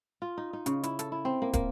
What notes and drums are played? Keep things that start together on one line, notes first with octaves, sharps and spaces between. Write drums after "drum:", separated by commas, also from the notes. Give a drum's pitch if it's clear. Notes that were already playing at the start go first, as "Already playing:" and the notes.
F4
D#4
D#4
C#3, drum: hi-hat
E4, drum: hi-hat
A4, drum: hi-hat
E4
C4
A#3
A#3, drum: kick, hi-hat